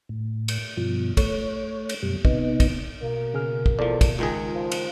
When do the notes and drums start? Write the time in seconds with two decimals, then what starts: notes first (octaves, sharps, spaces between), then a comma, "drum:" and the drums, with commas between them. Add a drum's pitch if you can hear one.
0.09 A2
0.48 drum: cymbal
0.77 G2 B2 F3
1.17 A3 C#5, drum: kick, cymbal
1.89 drum: cymbal
2.02 F#2 B2 G3
2.25 C3 B3 D#4, drum: kick
2.60 drum: kick, cymbal
3.02 B2 A#3
3.34 C#3 G#4 F6
3.66 drum: kick
3.79 E2 F3 A4 D5
4.01 drum: kick, cymbal
4.19 C#2 D#3 F4 G#4
4.54 F3
4.72 drum: cymbal